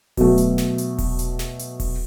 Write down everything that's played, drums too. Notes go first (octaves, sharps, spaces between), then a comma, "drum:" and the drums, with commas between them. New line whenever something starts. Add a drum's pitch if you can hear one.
B2 F#3 A3, drum: kick D#1, open hi-hat
drum: hi-hat
drum: snare
drum: hi-hat
drum: kick D#1, open hi-hat
drum: hi-hat
drum: snare
drum: hi-hat
drum: kick D#1, open hi-hat